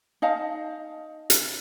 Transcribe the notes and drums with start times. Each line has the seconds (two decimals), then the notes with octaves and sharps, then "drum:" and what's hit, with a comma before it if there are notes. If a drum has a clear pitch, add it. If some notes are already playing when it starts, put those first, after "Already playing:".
0.22 D#4 D#5 F5 A5
1.30 drum: hi-hat